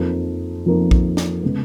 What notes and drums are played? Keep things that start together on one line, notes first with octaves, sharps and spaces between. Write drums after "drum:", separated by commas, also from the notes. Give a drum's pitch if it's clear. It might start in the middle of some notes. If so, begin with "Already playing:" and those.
Already playing: F2 F3 A#3 D#4 A#4
F2 F3 A#3 D#4 A#4
drum: kick A#1
drum: snare
C#3 G#3 B3